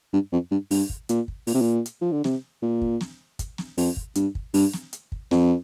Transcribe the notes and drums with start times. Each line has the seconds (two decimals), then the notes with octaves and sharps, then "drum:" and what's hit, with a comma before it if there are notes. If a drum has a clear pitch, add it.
0.13 G2
0.32 F2
0.51 G2
0.71 G2, drum: open hi-hat
0.90 drum: kick
1.09 A#2, drum: hi-hat
1.28 drum: kick
1.47 A#2, drum: open hi-hat
1.54 C3
1.61 A#2
1.86 drum: hi-hat
2.02 F3
2.12 D3
2.24 C3, drum: snare
2.62 A#2
2.82 drum: kick
3.01 drum: snare
3.39 drum: kick, hi-hat
3.58 drum: snare
3.78 F2, drum: open hi-hat
3.97 drum: kick
4.15 G2, drum: hi-hat
4.35 drum: kick
4.54 G2, drum: open hi-hat
4.73 drum: snare
4.93 drum: hi-hat
5.12 drum: kick
5.31 F2, drum: snare